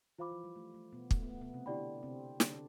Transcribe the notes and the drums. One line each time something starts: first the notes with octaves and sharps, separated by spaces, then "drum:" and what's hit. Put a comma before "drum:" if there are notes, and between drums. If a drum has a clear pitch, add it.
E3 F4 C5 F5 B5 D6
F3
G3
A3
A3
B2 B3
A3, drum: kick
B3
A3
B2 B3
C3 C4
D3 D4 E4 G4 D5 G5 B5
C3 C4
D3 D4, drum: snare